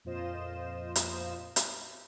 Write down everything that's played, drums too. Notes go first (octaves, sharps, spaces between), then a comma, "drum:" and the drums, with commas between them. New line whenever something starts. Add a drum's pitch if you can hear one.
F2 A#2 F4 C5 D#5 E7
drum: hi-hat
drum: hi-hat